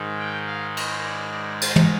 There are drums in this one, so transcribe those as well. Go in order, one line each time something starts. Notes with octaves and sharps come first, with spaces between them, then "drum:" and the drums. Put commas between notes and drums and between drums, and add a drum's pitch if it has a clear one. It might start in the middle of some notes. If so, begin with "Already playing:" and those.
Already playing: G#2 D#3 G#3
G5
F5
D#5, drum: cymbal
D5
D5
C5, drum: cymbal
drum: tom